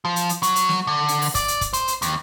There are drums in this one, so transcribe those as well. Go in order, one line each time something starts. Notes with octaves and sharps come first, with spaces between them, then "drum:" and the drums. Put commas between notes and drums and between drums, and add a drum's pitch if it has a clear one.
F3
drum: hi-hat
drum: hi-hat
F#3, drum: hi-hat
drum: hi-hat
drum: snare
D3
drum: hi-hat
drum: open hi-hat
D5, drum: kick, hi-hat
drum: hi-hat
drum: kick, hi-hat
C5, drum: hi-hat
drum: hi-hat
D#2, drum: hi-hat